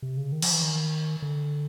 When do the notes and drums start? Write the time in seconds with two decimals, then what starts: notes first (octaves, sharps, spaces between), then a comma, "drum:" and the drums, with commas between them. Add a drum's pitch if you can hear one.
0.02 C3
0.17 C#3
0.32 D#3
0.42 F3, drum: cymbal
0.52 E3
0.62 D#3
1.22 D3